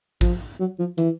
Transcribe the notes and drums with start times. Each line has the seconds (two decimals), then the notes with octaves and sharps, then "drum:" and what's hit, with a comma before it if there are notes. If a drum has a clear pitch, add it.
0.21 F3, drum: kick A1, hi-hat
0.59 F#3
0.79 F3
0.98 E3, drum: hi-hat